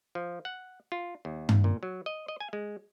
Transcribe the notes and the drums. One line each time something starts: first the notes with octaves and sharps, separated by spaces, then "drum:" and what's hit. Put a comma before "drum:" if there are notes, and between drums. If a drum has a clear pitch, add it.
F3
F#5
F4
D#2
drum: tom G2
A#2
F#3
D#5
D#5
G#5
G#3